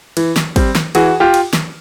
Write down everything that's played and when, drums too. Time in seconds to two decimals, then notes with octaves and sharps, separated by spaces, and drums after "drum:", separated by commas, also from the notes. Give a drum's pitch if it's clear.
0.17 E3, drum: cymbal
0.36 drum: snare
0.56 G3 C4, drum: kick, cymbal
0.75 drum: snare
0.95 E3 F#4 G#4, drum: cymbal
1.20 F4 G4
1.34 drum: cymbal
1.53 drum: snare